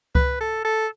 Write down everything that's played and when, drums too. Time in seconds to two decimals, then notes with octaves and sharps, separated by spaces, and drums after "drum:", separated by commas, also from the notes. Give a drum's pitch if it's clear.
0.15 B4, drum: kick C#2
0.41 A4
0.65 A4